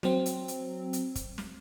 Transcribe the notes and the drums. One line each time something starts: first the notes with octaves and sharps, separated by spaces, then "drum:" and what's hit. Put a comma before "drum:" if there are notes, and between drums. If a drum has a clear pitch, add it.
F#3 C4, drum: snare
drum: hi-hat
drum: hi-hat
drum: hi-hat
drum: kick, hi-hat
drum: snare